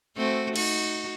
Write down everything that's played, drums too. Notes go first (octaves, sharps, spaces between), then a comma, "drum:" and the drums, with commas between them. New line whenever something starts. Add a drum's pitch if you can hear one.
A3 C4 F#4
D#4 F#4, drum: cymbal